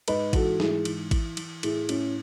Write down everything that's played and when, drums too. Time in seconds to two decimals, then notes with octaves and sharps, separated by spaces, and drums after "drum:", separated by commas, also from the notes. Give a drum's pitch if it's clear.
0.08 G#2 B4 D#5, drum: cymbal
0.33 E3 F#4 A4, drum: kick A1, cymbal
0.60 G#2 E4 G#4, drum: snare
0.85 E3, drum: cymbal
1.11 E3, drum: kick A1, cymbal
1.37 E3, drum: cymbal
1.63 A2 E4 G#4, drum: cymbal
1.89 A2 C#4 E4, drum: cymbal